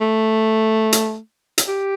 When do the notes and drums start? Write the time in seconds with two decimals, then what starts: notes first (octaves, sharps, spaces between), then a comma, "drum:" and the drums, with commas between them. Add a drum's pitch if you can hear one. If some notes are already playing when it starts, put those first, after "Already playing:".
0.01 A3
0.93 drum: hi-hat
1.58 drum: hi-hat
1.68 G4